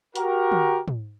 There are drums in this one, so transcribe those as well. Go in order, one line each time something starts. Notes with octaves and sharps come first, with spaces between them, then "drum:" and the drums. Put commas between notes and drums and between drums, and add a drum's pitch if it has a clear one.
F#4 G4 A#4, drum: hi-hat
drum: tom
drum: tom